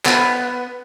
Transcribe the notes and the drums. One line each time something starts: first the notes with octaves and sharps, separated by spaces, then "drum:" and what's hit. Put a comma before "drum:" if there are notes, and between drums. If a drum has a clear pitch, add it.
B3, drum: clap